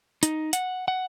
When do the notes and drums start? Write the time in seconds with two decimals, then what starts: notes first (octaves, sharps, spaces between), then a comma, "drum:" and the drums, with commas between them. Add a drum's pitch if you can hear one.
0.23 D#4, drum: hi-hat
0.53 F#5, drum: hi-hat
0.88 F#5